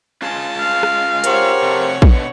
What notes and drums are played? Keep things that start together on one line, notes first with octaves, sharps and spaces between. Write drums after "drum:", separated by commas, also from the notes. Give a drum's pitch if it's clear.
C#4 F4 G#4 A5
F5
drum: rim click
F#4 G4 A#4 C5 C#5, drum: hi-hat
C3 A4
B2 D3, drum: kick